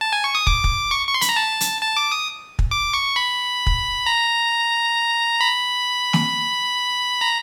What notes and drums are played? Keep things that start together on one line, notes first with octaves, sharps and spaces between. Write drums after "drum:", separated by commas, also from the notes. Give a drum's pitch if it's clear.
A5
G#5
C#6
D#6
D6, drum: kick
drum: kick
C#6
C#6
C6
B5, drum: hi-hat
A#5
A5
drum: hi-hat
A5
D6
D#6
drum: kick
D6
C#6
B5
drum: kick
A#5
B5
drum: snare
A#5